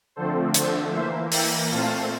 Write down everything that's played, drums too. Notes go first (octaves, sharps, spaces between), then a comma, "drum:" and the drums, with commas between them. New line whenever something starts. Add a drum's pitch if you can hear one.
D3 F3 A3 C4 A4 C5
D3 F3 A3 A4 C5, drum: hi-hat
E3 A#3 C5 E5
E3 A#3 E5 G5, drum: open hi-hat
A#2 A3 C4 F5 A5